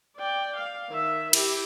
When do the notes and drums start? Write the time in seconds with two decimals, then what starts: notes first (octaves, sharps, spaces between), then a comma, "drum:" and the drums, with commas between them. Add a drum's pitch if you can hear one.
0.16 D5 G5
0.57 F5
0.90 D#3 E5
1.33 E4 G4, drum: cymbal